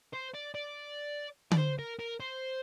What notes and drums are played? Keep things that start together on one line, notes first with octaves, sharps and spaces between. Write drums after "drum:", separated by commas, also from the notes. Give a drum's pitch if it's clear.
C5
D5
D5
D5, drum: tom D3
C5
A#4
A#4
C5